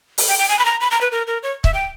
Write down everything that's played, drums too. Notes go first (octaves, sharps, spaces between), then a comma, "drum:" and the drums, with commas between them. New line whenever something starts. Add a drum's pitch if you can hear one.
drum: open hi-hat
G5
G5
G#5
B5
A#5
B5
A#5
B4
A#4
A#4
C#5
E5, drum: kick C#1
G5